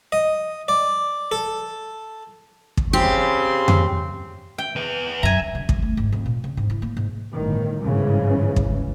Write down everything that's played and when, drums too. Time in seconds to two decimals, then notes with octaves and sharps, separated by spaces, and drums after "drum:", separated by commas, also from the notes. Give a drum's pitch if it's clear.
0.12 D#5
0.68 D5
1.31 A4
2.77 drum: kick
2.93 C#3 C4 G4 C6
3.68 drum: tom F2
4.58 G5
4.76 E2 B4
5.23 F#2 E5 G#5 A#5
5.55 C#3
5.69 G3, drum: kick
5.82 A3
5.97 G#2
6.12 F2
6.26 A#2
6.44 C#3
6.57 G#2
6.70 E4
6.82 A#3
6.97 G#2
7.34 G1 A2 D#3
7.84 G1 G#2 C#3 E3
8.56 drum: kick